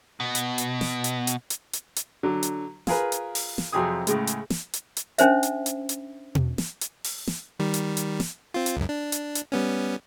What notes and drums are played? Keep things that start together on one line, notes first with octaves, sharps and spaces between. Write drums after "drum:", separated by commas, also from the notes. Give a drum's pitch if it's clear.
B2
drum: hi-hat
drum: hi-hat
drum: snare
drum: hi-hat
drum: hi-hat
drum: hi-hat
drum: hi-hat
drum: hi-hat
D3 F#3
drum: hi-hat
F4 G#4 A#4 B4, drum: snare
drum: hi-hat
drum: open hi-hat
drum: snare
F2 C3 F#3 G4 G#4 D#6
A2 C#3 G#3, drum: hi-hat
drum: hi-hat
drum: snare
drum: hi-hat
drum: hi-hat
C#4 D4 C5 E5, drum: hi-hat
drum: hi-hat
drum: hi-hat
drum: hi-hat
drum: tom B2
drum: snare
drum: hi-hat
drum: open hi-hat
drum: snare
D#3 G3
drum: hi-hat
drum: hi-hat
drum: snare
C4 F4
drum: hi-hat
C#2 F#2
D4
drum: hi-hat
drum: hi-hat
G3 B3 C#4